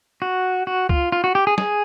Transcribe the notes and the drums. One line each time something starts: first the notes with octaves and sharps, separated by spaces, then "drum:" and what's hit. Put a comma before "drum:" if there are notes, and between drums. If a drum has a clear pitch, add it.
F#4
F#4
F4, drum: kick C#2
F4
F#4
G4
G#4
G#4, drum: snare